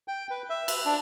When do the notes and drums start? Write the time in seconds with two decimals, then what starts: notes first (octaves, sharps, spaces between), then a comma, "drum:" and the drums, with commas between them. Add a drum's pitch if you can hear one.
0.08 G5
0.30 B4
0.50 E5
0.68 B4, drum: cymbal
0.86 D4